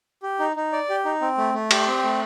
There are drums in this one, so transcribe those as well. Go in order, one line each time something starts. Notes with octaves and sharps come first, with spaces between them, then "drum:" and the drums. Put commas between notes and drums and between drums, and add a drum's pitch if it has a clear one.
G4
D#4
D#4
D5
G4
D#4
C4
A3
A3
G4, drum: cymbal
C4
A3